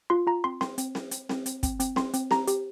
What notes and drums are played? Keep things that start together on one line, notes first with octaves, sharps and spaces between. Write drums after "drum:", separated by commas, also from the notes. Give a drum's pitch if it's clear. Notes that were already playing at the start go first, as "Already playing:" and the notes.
F4 C6
F4 A#5
C4 C6
C4 C6, drum: snare C4
C4, drum: hi-hat
C4, drum: snare C4
C4, drum: hi-hat
C4, drum: snare C4
C4, drum: hi-hat
C4, drum: kick, hi-hat
C4, drum: hi-hat
C4 C6, drum: snare C4
C4, drum: hi-hat
G4 A#5, drum: snare C4
G4, drum: hi-hat